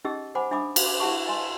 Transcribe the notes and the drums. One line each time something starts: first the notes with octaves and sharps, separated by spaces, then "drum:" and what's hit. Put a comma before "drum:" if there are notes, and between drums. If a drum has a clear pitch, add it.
C#4 D#4 G4 G#4 D#5 E6
C5 F#5 G#5 B5 D6
D4 E5 G#5 B5 D6 D#6
drum: cymbal
D6
E4 G4 F#5 A5 C#6
D#5 G#5 C6